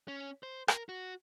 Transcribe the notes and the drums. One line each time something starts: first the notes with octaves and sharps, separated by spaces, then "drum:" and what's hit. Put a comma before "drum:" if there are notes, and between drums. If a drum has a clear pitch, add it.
C#4
C5
A#4, drum: rim click
F#4